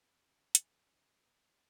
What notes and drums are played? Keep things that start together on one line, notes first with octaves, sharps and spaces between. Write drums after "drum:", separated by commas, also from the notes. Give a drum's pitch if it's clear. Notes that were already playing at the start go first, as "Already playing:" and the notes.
Already playing: F#1 F#2 F3 B3 F#5 G#5
B5
F#1
F3 G#5, drum: hi-hat
F#2
B3